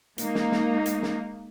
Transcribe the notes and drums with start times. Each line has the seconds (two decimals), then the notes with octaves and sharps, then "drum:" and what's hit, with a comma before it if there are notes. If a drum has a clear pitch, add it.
0.18 G#3 A#3 D#4, drum: hi-hat
0.35 drum: snare
0.52 drum: snare
0.86 drum: hi-hat
1.03 drum: snare